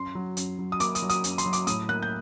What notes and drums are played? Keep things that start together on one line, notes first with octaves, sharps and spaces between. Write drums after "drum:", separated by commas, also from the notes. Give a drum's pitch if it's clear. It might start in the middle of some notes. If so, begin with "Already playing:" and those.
Already playing: F#2 C6
F#3
F#2, drum: hi-hat
F#3
D#6
A#3 D6, drum: hi-hat
D#6, drum: hi-hat
F#3
D#6, drum: hi-hat
F#2, drum: hi-hat
C6, drum: hi-hat
F#3
D6, drum: hi-hat
A2 D#6, drum: hi-hat
A#3 F#6
G6